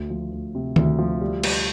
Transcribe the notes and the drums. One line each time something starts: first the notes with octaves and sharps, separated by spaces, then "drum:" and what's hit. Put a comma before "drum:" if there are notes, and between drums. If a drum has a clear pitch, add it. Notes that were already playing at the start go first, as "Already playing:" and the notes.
Already playing: D2
F3
D2
C3
D2, drum: tom D#3
F3
G3
G3, drum: cymbal